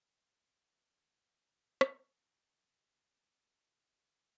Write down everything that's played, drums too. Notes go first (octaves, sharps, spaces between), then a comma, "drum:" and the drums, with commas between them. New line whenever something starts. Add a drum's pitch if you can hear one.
B4
D#2
C3
F#5
B6
F4
A6
F#4
A#1
G4
drum: rim click
G#3 A3 D#4 D5